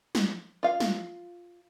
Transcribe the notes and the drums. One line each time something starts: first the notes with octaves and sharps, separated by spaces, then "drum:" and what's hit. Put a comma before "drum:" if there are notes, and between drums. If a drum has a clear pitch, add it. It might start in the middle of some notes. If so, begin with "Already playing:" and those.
drum: snare
F4 F5
drum: snare